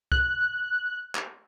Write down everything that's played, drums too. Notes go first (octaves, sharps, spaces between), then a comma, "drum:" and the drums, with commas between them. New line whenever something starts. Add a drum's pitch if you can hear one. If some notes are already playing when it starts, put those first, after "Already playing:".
F#6, drum: kick
drum: clap